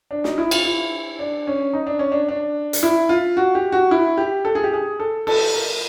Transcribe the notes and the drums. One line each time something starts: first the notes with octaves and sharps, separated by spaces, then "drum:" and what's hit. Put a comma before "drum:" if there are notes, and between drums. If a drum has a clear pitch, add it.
D4
D#4, drum: snare
E4
F4, drum: cymbal
E4
D4
C#4
D#4
D4
C#4
D4
D4
drum: hi-hat
E4
F4
F#4
G4
F#4
E4
G4
A4
G#4
G4
G#4
A4
A4, drum: cymbal
A#4